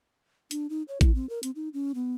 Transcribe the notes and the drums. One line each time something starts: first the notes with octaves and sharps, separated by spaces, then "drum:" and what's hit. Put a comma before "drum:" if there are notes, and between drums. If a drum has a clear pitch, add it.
D4, drum: hi-hat
D#4
C#5
E4, drum: kick A1, hi-hat
C4
A#4
C4, drum: hi-hat
D#4
C#4
B3